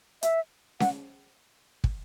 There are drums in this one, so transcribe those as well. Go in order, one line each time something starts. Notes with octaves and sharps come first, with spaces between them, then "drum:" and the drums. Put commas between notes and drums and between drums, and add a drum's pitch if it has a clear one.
E5, drum: hi-hat
F#5, drum: snare C#4
drum: kick